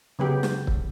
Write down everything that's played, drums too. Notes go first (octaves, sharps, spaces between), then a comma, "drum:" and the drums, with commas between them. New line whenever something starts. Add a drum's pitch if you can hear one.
C#3 F#3 B3 G4
drum: snare
drum: kick